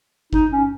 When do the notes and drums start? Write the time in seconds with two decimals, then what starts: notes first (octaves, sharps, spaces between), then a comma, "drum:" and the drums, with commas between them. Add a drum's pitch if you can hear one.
0.33 D#4, drum: kick G1
0.51 C#4